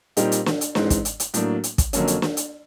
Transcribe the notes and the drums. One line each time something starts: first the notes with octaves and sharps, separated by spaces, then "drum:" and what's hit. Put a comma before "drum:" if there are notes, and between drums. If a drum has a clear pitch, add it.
A#2 G3 C4 D#4 G4, drum: hi-hat
drum: hi-hat
drum: snare
drum: hi-hat
G#2 E3 G#3 C4, drum: snare
drum: kick, hi-hat
drum: hi-hat
drum: hi-hat
A2 F#3 A#3 D4, drum: hi-hat
drum: hi-hat
drum: kick, hi-hat
F2 D3 F#3 A#3 C#4, drum: hi-hat
drum: hi-hat
drum: snare
drum: hi-hat